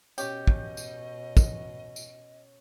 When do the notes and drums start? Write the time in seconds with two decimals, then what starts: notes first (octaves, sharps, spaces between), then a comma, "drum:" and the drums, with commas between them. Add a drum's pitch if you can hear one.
0.18 B2 C#4 G4 D#5, drum: tambourine
0.47 drum: kick
0.77 drum: tambourine
1.37 drum: kick, tambourine
1.96 drum: tambourine